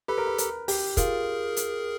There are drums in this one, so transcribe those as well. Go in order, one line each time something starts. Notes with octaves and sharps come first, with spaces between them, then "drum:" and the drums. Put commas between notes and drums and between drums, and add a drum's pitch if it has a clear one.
G4 A4 B4
A#4
B4
A#4, drum: hi-hat
G4, drum: open hi-hat
F4 G#4 A#4, drum: kick, hi-hat
drum: hi-hat